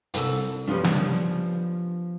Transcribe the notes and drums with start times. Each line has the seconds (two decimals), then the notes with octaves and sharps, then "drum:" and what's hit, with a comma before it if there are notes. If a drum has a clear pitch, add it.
0.14 C2 A4 E6, drum: hi-hat
0.67 G2 F3 G3 B3 C#4
0.84 drum: snare